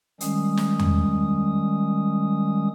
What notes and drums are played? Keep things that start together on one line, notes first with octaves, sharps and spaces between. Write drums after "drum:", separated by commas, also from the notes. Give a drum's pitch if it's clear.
D#3 G3 G#3 C#4 D#6, drum: hi-hat
drum: snare
drum: tom E2